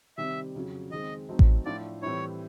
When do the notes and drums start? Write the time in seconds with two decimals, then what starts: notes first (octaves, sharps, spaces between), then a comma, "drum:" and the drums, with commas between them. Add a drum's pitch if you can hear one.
0.17 C3 D#3 G3 C4 E5
0.55 F2 C#3 F#3
0.91 D#3 G#3 C4 D#5
1.29 F#3 A3 C4 D#4
1.39 drum: kick A1
1.65 A2 F3 A3 D4 F4 D5
2.02 A2 E3 G3 C4 E4 C#5